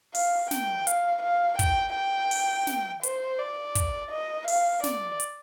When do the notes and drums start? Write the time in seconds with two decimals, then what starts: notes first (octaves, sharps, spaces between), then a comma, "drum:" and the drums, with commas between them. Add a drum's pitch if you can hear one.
0.15 F5, drum: open hi-hat
0.51 G5, drum: snare
0.87 F5, drum: hi-hat
1.23 F5
1.59 G5, drum: kick, hi-hat
1.95 G5
2.31 drum: open hi-hat
2.67 drum: snare
3.03 C5, drum: hi-hat
3.39 D5
3.75 drum: kick, hi-hat
4.12 D#5
4.48 F5, drum: open hi-hat
4.84 D5, drum: snare
5.20 drum: hi-hat